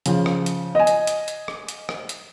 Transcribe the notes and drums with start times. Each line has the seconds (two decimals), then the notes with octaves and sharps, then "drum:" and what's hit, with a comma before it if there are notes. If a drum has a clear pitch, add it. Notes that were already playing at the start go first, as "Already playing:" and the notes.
0.06 C#3 F3, drum: hi-hat
0.26 drum: rim click
0.46 drum: hi-hat
0.75 D#5 G#5
0.87 drum: hi-hat
1.07 drum: hi-hat
1.28 drum: hi-hat
1.48 drum: rim click
1.68 drum: hi-hat
1.89 drum: rim click
2.09 drum: hi-hat